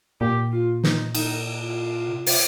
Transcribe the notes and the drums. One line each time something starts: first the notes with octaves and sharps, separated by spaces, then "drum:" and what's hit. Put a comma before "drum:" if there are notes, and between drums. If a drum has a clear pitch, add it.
A#2 G4
F4
D#4, drum: snare
D#4, drum: cymbal
F4
C3
drum: open hi-hat